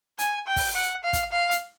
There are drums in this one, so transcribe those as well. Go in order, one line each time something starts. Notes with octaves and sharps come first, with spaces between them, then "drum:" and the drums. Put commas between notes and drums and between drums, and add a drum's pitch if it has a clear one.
G#5, drum: hi-hat
G5
drum: kick, open hi-hat
F#5
F5
drum: kick, hi-hat
F5
drum: hi-hat